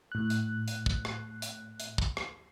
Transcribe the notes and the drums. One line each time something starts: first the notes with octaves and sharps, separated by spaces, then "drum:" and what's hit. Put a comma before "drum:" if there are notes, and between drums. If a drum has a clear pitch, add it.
A2 F#6
drum: hi-hat
drum: hi-hat
drum: kick
drum: rim click
drum: hi-hat
drum: hi-hat
drum: kick
drum: rim click